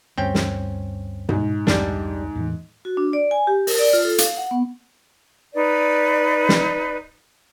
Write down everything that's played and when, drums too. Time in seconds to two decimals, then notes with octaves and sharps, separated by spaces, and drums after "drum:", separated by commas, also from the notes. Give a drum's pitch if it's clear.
0.18 D2 G2 C4 C#4 G5
0.35 drum: snare
1.29 G#2, drum: tom B2
1.67 C2 F2 D3 G3 D4, drum: snare
2.35 E2 A2 E3
2.85 F#4
2.97 D4
3.13 D5
3.31 G#5
3.47 G4
3.67 A#4, drum: open hi-hat
3.79 D5
3.93 F4
4.05 A4
4.18 F5, drum: hi-hat
4.37 F#5
4.51 B3
5.54 D#4 B4 D5
6.49 drum: snare